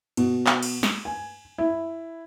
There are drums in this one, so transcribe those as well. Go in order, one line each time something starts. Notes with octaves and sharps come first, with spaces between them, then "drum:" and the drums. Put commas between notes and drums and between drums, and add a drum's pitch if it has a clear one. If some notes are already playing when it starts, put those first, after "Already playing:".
B2, drum: cymbal
drum: clap
drum: cymbal
drum: snare
G#5
E4